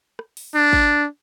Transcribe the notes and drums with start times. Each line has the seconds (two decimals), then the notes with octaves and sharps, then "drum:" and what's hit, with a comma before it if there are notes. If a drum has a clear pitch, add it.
0.19 drum: rim click
0.37 drum: open hi-hat
0.55 D4
0.73 drum: kick